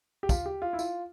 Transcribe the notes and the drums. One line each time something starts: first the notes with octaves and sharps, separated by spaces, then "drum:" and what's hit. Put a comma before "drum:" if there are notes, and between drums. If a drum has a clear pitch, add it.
G4
F4, drum: kick, tambourine
G4
F4
E4
F4, drum: tambourine